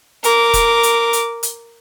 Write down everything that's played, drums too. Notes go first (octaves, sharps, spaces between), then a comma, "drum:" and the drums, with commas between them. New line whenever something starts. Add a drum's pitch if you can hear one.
A#4 D6, drum: hi-hat
drum: kick E1, hi-hat
drum: hi-hat
drum: hi-hat
drum: hi-hat